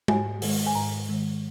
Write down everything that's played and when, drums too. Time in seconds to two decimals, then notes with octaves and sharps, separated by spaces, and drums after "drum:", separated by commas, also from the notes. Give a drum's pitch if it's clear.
0.08 G#2 G#5, drum: tom G#3
0.42 D#3 G#3, drum: open hi-hat
0.67 G#5
0.75 G#2 A#5
1.09 D#3 G#3